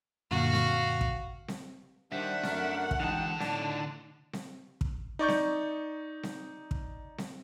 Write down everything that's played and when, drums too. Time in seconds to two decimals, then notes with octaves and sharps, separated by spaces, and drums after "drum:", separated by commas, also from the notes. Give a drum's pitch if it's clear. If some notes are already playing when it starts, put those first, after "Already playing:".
0.31 F#2 A#2 D3 F#4 F5
0.53 drum: snare C4
1.01 drum: kick
1.48 drum: snare C4
2.12 D#3 G3 D4 C5 E5 F#5
2.43 F#2 A3 D4 A#4, drum: snare C4
2.91 drum: kick
3.00 D3 E3 G#3 D#4 G5 A5
3.40 A2 D#4 D5, drum: snare C4
4.33 drum: snare C4
4.81 drum: kick
5.19 D#4 D5 C#6 G6
5.28 drum: snare C4
6.23 drum: snare C4
6.71 drum: kick
7.18 drum: snare C4